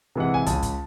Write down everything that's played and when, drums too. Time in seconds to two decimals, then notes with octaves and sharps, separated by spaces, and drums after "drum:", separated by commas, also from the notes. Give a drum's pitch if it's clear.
0.15 C3 E3 G#3 F#5
0.34 G#5
0.46 C#2 A5, drum: kick, hi-hat
0.62 drum: kick, hi-hat